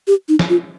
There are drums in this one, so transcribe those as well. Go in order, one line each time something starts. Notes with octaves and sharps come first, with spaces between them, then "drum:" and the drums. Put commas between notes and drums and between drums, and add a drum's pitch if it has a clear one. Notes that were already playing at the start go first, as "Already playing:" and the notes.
G4
D#4
drum: snare
F4